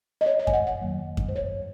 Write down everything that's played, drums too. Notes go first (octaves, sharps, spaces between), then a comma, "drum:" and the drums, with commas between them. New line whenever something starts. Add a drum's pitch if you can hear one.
D#5
C#5
D#5
G#5, drum: kick F#2
F#5
F#5
F2 D#3 F#3 A#3
drum: kick F#2
C5
C#5